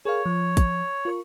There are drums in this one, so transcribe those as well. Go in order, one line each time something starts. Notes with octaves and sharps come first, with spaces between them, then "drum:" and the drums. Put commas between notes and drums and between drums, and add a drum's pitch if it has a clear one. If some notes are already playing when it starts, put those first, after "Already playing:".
G#4 A#4 C#5 F5
F3
drum: kick, hi-hat
F4 A#4 C#6